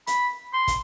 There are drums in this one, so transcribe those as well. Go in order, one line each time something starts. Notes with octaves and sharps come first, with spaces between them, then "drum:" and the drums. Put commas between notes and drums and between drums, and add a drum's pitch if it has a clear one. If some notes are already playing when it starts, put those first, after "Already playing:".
B5, drum: hi-hat
C6
drum: kick, hi-hat